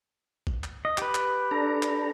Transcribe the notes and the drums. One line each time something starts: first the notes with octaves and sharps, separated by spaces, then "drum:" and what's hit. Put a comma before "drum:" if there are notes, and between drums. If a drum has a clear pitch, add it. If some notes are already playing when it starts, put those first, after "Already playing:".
drum: kick
drum: clap
D#5
G4 B4, drum: clap
drum: clap
D4 A4 A#5
drum: clap